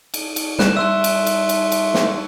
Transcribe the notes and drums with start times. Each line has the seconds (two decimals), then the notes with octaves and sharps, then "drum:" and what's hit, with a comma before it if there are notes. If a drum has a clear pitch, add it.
0.14 drum: cymbal
0.36 drum: cymbal
0.59 G3 F#6 E7, drum: snare
0.77 E5 C6 E6 F#6
1.04 drum: cymbal
1.27 drum: cymbal
1.49 drum: cymbal
1.72 drum: cymbal
1.94 drum: snare